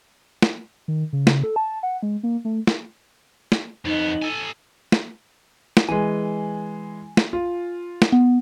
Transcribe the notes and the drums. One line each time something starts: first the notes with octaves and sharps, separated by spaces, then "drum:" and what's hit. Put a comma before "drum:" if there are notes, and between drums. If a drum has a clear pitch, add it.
drum: snare
D#3
C#3
drum: snare
A4
A5
F#5
G#3
A#3
A3
drum: snare
drum: snare
F2 B3 D#4
A4 G#5
drum: snare
drum: snare
E3 G#3 G#5
drum: snare
F4
drum: snare
B3